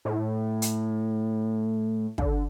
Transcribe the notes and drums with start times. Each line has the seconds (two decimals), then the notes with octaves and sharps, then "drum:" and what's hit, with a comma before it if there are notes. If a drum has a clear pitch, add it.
0.05 A2
0.62 drum: hi-hat
2.18 D3, drum: kick